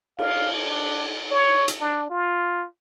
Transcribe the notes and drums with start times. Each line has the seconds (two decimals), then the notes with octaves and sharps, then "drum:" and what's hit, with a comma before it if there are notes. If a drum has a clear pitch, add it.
0.19 F5, drum: cymbal
0.66 D4
1.31 C#5
1.68 drum: hi-hat
1.81 D4
2.10 F4